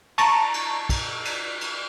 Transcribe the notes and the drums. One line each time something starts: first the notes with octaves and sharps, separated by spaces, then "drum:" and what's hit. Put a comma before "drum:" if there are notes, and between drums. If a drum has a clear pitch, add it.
A5 A#5 C#6 A6, drum: cymbal
drum: cymbal
drum: kick, cymbal
drum: cymbal
drum: cymbal